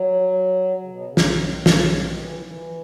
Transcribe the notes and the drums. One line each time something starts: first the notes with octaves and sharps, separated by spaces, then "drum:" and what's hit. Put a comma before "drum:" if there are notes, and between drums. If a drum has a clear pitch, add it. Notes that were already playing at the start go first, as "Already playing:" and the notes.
Already playing: F#3
C#3
B2
C#3
drum: snare
D#3
C#3, drum: snare
D#3
E3
E3